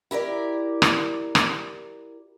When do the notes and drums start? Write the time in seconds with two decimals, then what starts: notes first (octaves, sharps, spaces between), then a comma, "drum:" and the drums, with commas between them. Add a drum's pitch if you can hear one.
0.11 E4 G4 A#4 D5
0.82 drum: rim click
1.35 drum: rim click